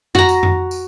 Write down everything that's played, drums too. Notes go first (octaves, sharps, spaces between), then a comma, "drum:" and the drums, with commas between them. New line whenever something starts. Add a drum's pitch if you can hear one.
F#4 A#5, drum: tom F2
drum: tambourine
drum: tom F2
drum: tambourine